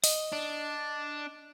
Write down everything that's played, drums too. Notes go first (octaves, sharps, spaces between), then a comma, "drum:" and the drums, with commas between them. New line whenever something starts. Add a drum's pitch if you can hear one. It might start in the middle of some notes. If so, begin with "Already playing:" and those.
D#5, drum: open hi-hat
D4